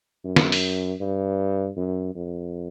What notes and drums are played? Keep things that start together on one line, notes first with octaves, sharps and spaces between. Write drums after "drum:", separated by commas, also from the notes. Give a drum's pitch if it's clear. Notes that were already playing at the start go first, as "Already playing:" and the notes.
F#2
drum: snare
drum: open hi-hat
G2
F#2
F2